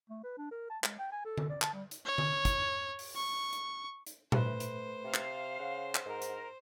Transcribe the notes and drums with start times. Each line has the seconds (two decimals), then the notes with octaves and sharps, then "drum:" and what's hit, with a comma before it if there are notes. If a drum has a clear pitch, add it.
0.10 A3
0.24 B4
0.38 D4
0.51 A#4
0.70 A5
0.84 G#3, drum: clap
0.99 G5
1.12 G#5
1.25 A4
1.38 drum: tom D3
1.50 D5
1.62 A5, drum: clap
1.73 G3
1.91 drum: hi-hat
2.05 C#5
2.18 drum: tom D3
2.45 drum: kick, hi-hat
2.99 drum: open hi-hat
3.16 C#6
3.53 drum: hi-hat
4.07 drum: hi-hat
4.32 A3 B4 C5, drum: tom A#2
4.60 drum: hi-hat
5.05 C3 F5
5.14 drum: clap
5.60 C#3 F#5
5.95 drum: clap
6.06 G#2 A#4
6.22 drum: hi-hat